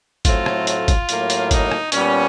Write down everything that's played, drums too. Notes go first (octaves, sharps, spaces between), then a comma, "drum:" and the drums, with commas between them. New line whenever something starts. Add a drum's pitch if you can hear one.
A2 F#3 A3 C4 F4, drum: kick G#1, hi-hat
drum: rim click
F4, drum: hi-hat
drum: kick G#1, hi-hat
A2 F#3 A#3, drum: hi-hat
drum: hi-hat
D#4, drum: kick G#1, hi-hat
drum: rim click
A#2 G3 B3 C#4, drum: hi-hat